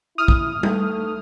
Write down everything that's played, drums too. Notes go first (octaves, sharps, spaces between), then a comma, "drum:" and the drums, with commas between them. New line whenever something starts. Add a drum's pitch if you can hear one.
E4 D#6 F6
drum: kick A#1
A3, drum: tom G3